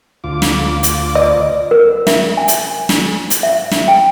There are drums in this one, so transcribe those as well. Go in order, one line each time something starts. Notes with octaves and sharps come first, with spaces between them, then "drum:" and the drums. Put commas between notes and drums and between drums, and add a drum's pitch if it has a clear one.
D2 F4 D6
drum: snare
drum: hi-hat
D5 D#5
A#4
E5, drum: snare
G#5
drum: hi-hat
drum: snare
drum: hi-hat
E5
drum: snare
G5